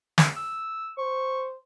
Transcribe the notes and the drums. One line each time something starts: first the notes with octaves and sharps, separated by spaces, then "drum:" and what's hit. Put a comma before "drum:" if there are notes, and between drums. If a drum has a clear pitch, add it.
drum: snare
E6
C5 C#6